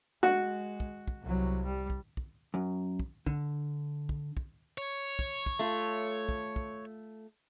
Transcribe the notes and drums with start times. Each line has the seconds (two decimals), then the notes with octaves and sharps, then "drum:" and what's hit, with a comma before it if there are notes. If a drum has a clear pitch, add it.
0.23 G#3 F#4
0.80 drum: kick
1.07 drum: kick
1.23 C2 F#3
1.65 G3
1.90 drum: kick
2.17 drum: kick
2.54 F#2
2.99 drum: kick
3.26 D3, drum: kick
4.09 drum: kick
4.37 drum: kick
4.78 C#5
5.19 drum: kick
5.46 drum: kick
5.59 A3 F4
6.29 drum: kick
6.56 drum: kick